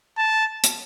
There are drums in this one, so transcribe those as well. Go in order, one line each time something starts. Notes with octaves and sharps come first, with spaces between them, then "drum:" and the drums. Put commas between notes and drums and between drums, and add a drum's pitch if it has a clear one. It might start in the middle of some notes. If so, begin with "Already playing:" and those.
A5
drum: hi-hat